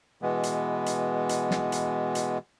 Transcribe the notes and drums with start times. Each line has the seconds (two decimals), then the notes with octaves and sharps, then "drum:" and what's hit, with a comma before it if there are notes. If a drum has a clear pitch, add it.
0.22 B2 E3 G#3 B3
0.43 drum: hi-hat
0.86 drum: hi-hat
1.29 drum: hi-hat
1.51 drum: snare
1.72 drum: hi-hat
2.15 drum: hi-hat